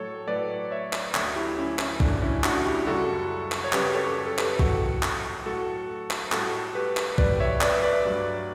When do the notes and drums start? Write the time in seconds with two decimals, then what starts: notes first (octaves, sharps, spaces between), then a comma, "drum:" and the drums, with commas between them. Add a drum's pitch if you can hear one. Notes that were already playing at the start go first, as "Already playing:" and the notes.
Already playing: A2 F#3 A3 A4 C#5
0.28 A2 F#3 A3 B4 D5
0.71 C#5 E5
0.93 drum: clap
1.15 D2 D3 F#3 A3 C#5 E5, drum: clap
1.35 E4 G4
1.58 C#4 E4
1.79 C#4 E4, drum: clap
2.00 D2 D3 F#3 A3 D4, drum: kick B1
2.22 C#4 E4
2.44 D4 F#4, drum: clap
2.65 E4 G4
2.87 F#2 C#3 G3 F#4 A4
3.52 drum: clap
3.64 C#5
3.73 F#2 C#3 G3 G4 B4, drum: clap
3.94 A4 C#5
4.26 A4
4.38 G4 B4, drum: clap
4.59 A2 F#3 A3 F#4 A4, drum: kick B1
5.03 drum: clap
5.46 A2 F#3 A3 F#4 A4
6.11 drum: clap
6.32 A2 G3 F#4 A4, drum: clap
6.75 G4 B4
6.97 drum: clap
7.18 A2 G3 B4 D5, drum: kick B1
7.40 C#5 E5
7.61 B4 D5, drum: clap
7.72 E5
7.83 B4 D5
8.05 G2 F#3 A3